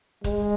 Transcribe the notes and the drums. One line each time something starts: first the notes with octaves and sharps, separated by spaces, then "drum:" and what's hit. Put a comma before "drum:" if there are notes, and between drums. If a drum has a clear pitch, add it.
G#3, drum: kick, hi-hat